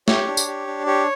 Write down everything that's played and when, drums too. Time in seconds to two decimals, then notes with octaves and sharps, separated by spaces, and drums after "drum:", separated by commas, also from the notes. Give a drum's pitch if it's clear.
0.08 G4 C#5, drum: snare
0.28 D4
0.37 drum: tambourine
0.47 G4
0.67 D4
0.86 G4 C#5